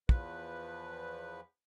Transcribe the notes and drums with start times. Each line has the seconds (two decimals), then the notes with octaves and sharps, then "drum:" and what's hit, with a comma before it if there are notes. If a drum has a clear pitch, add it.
0.09 E2 F3 B4, drum: kick